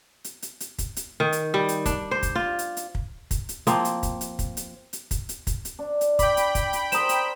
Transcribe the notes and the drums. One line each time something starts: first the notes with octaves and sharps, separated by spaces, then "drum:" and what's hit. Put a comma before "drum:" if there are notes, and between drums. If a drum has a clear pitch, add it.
drum: hi-hat
drum: hi-hat
drum: hi-hat
drum: kick, hi-hat
drum: hi-hat
D#3
drum: hi-hat
G3
drum: hi-hat
D4, drum: kick, hi-hat
C5
drum: kick, hi-hat
F4
drum: hi-hat
drum: hi-hat
drum: kick
drum: kick, hi-hat
drum: hi-hat
F3 A#3 C4, drum: hi-hat
drum: hi-hat
drum: kick, hi-hat
drum: hi-hat
drum: kick, hi-hat
drum: hi-hat
drum: hi-hat
drum: kick, hi-hat
drum: hi-hat
drum: kick, hi-hat
drum: hi-hat
D4
drum: hi-hat
G5 B5 D6, drum: kick, hi-hat
drum: hi-hat
drum: kick, hi-hat
drum: hi-hat
A4 A#4 C5 D#6 E7, drum: hi-hat
drum: hi-hat